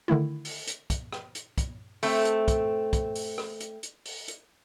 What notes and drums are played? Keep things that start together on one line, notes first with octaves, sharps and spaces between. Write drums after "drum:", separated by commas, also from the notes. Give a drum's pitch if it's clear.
D3 D#3 A3 E4
drum: open hi-hat
drum: hi-hat
drum: kick, hi-hat
drum: rim click
drum: hi-hat
drum: kick, hi-hat
A3 C4, drum: open hi-hat
drum: hi-hat
drum: kick, hi-hat
drum: kick, hi-hat
drum: open hi-hat
drum: rim click
drum: hi-hat
drum: hi-hat
drum: open hi-hat
drum: hi-hat